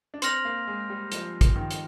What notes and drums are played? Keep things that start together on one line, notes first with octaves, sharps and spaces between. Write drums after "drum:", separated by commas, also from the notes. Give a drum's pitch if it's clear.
D4
C4 C6 F6 A#6 F7, drum: hi-hat
A#3
G#3
G3
F3, drum: hi-hat
drum: kick, hi-hat
D#3
drum: hi-hat